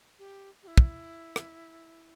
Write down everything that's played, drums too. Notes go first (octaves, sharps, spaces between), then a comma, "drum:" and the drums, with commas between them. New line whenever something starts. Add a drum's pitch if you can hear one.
G4
G4
E4
drum: kick
drum: rim click